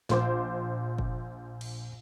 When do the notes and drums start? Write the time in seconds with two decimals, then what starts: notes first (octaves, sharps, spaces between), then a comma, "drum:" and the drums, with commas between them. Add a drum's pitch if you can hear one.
0.09 A#1 C5 D6, drum: snare
0.98 drum: kick
1.61 drum: cymbal